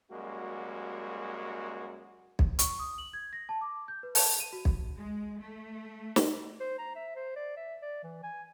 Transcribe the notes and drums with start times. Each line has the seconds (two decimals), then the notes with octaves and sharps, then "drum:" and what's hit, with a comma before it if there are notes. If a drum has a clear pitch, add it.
0.12 F#2 G3 G#3 A#3 F#4
2.39 drum: kick B1
2.59 C#6, drum: hi-hat
2.79 D#6
2.98 F#7
3.13 G#6
3.33 A#6
3.49 A5
3.61 D6
3.88 G6
4.03 B4
4.15 A5, drum: open hi-hat
4.40 D#7
4.53 F#4
4.65 drum: kick B1
4.95 G#3
5.41 A3
6.16 drum: snare
6.60 C5
6.79 A#5
6.96 E5
7.16 C5
7.36 D5
7.57 E5
7.82 D5
8.04 E3
8.24 G#5